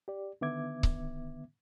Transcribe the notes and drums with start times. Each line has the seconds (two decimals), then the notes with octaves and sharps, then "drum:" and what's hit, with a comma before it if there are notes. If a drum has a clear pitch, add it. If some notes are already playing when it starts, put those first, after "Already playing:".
0.08 G4 D5
0.41 D3 D#3 B3 E5 D6 G#6
0.83 drum: kick C#1